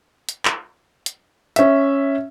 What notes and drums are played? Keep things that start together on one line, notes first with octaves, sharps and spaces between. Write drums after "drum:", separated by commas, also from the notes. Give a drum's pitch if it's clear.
drum: hi-hat
drum: clap
drum: hi-hat
C#4 E5, drum: hi-hat